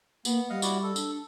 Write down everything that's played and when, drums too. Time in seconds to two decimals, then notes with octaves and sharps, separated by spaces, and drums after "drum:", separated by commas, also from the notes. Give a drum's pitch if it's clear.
0.25 A#3 B3, drum: tambourine
0.50 G3 D#5 F5 F#5
0.62 E4 F#4 D5, drum: tambourine
0.83 A4
0.96 D4, drum: tambourine